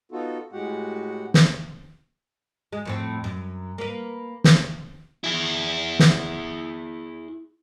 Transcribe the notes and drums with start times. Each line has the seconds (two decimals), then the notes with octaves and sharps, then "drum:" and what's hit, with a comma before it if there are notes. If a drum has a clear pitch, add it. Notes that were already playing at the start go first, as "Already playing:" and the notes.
0.12 B3 D#4 F4 F#4 A4
0.52 A2 G#3 F#4 G4 F#5
1.34 D#4, drum: snare
2.72 G#3
2.85 F2 A2 C4
3.24 F#2
3.78 A#3 B4
4.44 drum: snare
5.24 E4 G#4
5.99 drum: snare